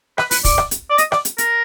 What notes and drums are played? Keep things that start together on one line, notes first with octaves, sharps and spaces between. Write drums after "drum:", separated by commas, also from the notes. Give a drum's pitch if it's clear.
B4, drum: rim click
B4, drum: open hi-hat
D5, drum: kick, open hi-hat
drum: rim click
drum: hi-hat
D5
D#5, drum: hi-hat
D5, drum: rim click
drum: hi-hat
A#4, drum: hi-hat